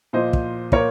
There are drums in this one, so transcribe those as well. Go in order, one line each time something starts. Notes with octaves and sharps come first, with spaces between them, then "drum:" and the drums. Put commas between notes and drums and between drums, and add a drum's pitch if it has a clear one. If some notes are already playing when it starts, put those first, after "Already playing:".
A#2 F3 C5 D#5
drum: kick
A#2 A#4 C#5, drum: kick